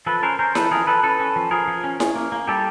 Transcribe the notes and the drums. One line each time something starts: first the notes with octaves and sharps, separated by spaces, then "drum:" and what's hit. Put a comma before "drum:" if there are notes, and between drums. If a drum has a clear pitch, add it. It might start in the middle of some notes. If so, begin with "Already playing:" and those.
F3 A4 B4
C#4 A#4 C5
C#4 A#4 C5
F3 A4 B4, drum: snare E4
F3 G#4 A#4
F3 A4 B4
C#4 A4 B4
C#4
F3
F3 G#4 A#4
F3
C#4
C#4, drum: snare E4
A#3
A#3
G3 G4 A4